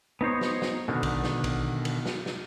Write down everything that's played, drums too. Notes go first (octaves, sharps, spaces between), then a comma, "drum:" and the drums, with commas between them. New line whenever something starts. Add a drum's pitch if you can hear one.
B3 D#4 C5 C#5
drum: snare
drum: snare
B2 D3 D#3
drum: kick, cymbal
drum: snare
drum: kick, cymbal
drum: cymbal
drum: snare
drum: snare